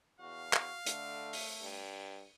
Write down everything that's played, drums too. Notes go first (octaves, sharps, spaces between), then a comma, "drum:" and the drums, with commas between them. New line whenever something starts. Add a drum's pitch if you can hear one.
E2 F#4 F5
F#4, drum: clap
D3 A3, drum: hi-hat
drum: open hi-hat
G2